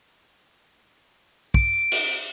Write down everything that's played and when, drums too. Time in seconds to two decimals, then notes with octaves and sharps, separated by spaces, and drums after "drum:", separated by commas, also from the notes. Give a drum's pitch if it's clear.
1.54 D7, drum: kick
1.92 drum: open hi-hat